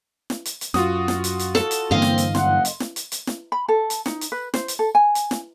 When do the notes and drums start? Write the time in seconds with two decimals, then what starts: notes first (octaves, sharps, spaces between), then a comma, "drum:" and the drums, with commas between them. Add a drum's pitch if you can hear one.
0.30 drum: snare
0.45 drum: hi-hat
0.61 drum: hi-hat
0.74 F#2 F4 F#4 D#6, drum: snare
1.08 drum: snare
1.24 drum: hi-hat
1.39 drum: hi-hat
1.55 A4, drum: snare
1.71 drum: hi-hat
1.91 G2 D3 E3 A#3 C4 D#5 F5
2.02 drum: snare
2.18 drum: hi-hat
2.35 F#1 F#5 C6, drum: snare
2.65 drum: hi-hat
2.80 drum: snare
2.96 drum: hi-hat
3.12 drum: hi-hat
3.27 drum: snare
3.52 B5
3.68 A4
3.90 drum: hi-hat
4.06 D#4, drum: snare
4.21 drum: hi-hat
4.32 B4
4.54 C5, drum: snare
4.68 drum: hi-hat
4.79 A4
4.95 G#5
5.15 drum: hi-hat
5.31 drum: snare